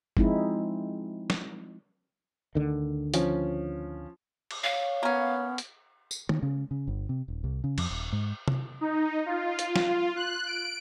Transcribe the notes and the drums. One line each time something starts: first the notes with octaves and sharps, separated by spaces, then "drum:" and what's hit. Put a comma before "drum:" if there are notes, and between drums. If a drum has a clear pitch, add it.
F3 G#3 C4 D#4 E4, drum: kick F#1
drum: snare
D2 D3 D#3
F3 C#4, drum: hi-hat
drum: cymbal
C#5 F5
A#3 B3 C#4
drum: hi-hat
drum: tambourine
D#3, drum: tom
C#3
C#3
G1
C3
D#1
C2
C#3
F2, drum: cymbal
D#1
G#2
drum: tom C3
D#4
F4
drum: hi-hat
drum: snare
F4
F#6
D7